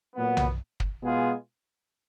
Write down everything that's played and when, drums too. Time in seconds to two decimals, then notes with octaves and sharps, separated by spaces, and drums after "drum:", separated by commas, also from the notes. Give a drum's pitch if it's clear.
0.15 A#2 F#3 B3
0.37 drum: tom B1
0.80 drum: kick
1.01 B2 G#3 B3 F4 G#4